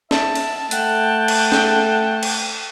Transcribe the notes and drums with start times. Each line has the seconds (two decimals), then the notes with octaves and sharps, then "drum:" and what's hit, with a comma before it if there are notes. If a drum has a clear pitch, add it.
0.11 E5 A5, drum: snare
0.35 drum: cymbal
0.71 A3 F#5 G5, drum: hi-hat
1.28 drum: cymbal
1.52 drum: snare
2.23 drum: cymbal